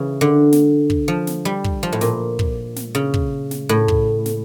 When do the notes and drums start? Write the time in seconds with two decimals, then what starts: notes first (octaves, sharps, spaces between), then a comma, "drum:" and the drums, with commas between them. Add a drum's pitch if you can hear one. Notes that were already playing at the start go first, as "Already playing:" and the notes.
Already playing: C#3 E3
0.21 D3
0.52 drum: snare
0.90 drum: kick
1.08 F3
1.27 drum: snare
1.45 G3
1.64 drum: kick
1.83 F3
1.92 A2
2.01 A#2, drum: snare
2.39 drum: kick
2.76 drum: snare
2.95 C#3
3.14 drum: kick
3.51 drum: snare
3.69 A2
3.88 drum: kick
4.26 drum: snare